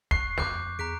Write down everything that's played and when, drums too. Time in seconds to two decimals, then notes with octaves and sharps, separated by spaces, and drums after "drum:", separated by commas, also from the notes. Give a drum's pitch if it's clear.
0.11 C#6 F#6 C7, drum: kick
0.38 F2 D6 F#6 G6, drum: snare
0.79 E2 G#4 A#5 F#6 B6 D7